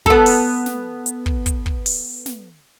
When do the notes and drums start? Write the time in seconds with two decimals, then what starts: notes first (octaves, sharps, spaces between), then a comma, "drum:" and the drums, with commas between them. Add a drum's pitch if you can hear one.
0.06 B3 A4, drum: kick
0.26 drum: open hi-hat
0.66 drum: snare
1.06 drum: hi-hat
1.26 drum: kick
1.46 drum: kick, hi-hat
1.66 drum: kick
1.86 drum: open hi-hat
2.26 drum: snare